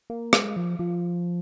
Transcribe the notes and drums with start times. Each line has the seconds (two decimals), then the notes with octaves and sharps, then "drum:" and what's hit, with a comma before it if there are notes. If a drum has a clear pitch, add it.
0.10 A#3
0.33 G#3, drum: rim click
0.56 F3
0.79 F3